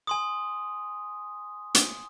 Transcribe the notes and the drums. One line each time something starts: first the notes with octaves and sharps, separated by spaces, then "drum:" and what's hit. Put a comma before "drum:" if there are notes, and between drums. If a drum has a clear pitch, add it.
G#5 C6 D#6
drum: hi-hat